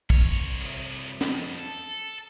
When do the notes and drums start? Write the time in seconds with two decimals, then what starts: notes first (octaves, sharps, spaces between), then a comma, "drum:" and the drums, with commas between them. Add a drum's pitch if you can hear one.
0.10 C2 C#5, drum: kick
0.60 drum: cymbal
1.21 F2, drum: snare
1.58 A4